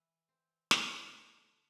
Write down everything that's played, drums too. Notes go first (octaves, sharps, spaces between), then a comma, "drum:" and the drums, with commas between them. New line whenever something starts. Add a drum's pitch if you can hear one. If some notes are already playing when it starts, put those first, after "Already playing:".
Already playing: E3 E4
C4
A3, drum: snare
D3